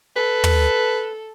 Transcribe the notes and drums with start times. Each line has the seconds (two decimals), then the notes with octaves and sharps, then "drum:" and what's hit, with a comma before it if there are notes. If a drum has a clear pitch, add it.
0.16 A4 B4
0.44 drum: tom